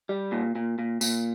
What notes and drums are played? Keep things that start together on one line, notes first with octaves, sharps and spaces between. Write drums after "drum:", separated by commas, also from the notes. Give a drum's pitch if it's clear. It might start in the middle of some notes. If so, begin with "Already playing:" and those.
G3
A#2
A#2
A#2
A#2, drum: tambourine